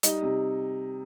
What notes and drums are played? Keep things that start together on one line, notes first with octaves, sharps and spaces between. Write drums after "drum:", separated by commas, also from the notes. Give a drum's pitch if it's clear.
G3 D#4, drum: hi-hat
C3